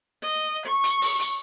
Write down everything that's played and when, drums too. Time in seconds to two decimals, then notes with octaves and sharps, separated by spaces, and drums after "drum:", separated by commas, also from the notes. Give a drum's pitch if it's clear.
0.22 D#5
0.66 C#6
0.84 drum: hi-hat
1.02 drum: open hi-hat
1.19 drum: hi-hat